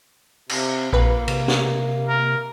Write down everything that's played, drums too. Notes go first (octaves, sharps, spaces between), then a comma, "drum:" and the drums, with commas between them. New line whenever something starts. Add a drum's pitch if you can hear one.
C3, drum: cymbal
A#1 A#3 B4
C3, drum: cymbal
drum: snare
A#4